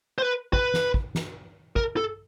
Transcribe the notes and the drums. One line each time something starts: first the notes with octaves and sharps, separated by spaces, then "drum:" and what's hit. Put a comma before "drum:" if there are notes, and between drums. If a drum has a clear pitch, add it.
C5
B4
B4, drum: kick
drum: snare
drum: kick
drum: snare
A#4, drum: kick
A4